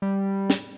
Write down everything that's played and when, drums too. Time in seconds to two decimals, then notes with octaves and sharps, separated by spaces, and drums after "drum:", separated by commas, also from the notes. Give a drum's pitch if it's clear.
0.02 G3
0.50 drum: snare